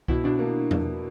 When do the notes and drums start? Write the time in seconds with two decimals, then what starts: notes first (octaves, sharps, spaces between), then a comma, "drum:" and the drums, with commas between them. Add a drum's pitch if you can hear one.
0.08 B2 E4, drum: kick C2
0.24 B2 D4
0.39 A#3
0.71 drum: tom